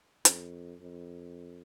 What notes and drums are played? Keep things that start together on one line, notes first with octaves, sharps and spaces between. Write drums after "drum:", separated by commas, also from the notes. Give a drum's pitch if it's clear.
F2, drum: hi-hat
F2